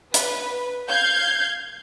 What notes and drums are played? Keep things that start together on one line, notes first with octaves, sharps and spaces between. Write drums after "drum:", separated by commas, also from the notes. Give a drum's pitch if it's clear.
B4, drum: hi-hat
F5 G6 G#6